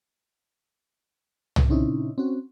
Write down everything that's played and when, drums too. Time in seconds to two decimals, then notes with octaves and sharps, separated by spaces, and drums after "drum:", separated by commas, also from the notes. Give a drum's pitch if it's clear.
1.56 drum: tom C2
1.68 A#2 C#3 C4 C#4 D#4 E4
2.18 C4 C#4 F#4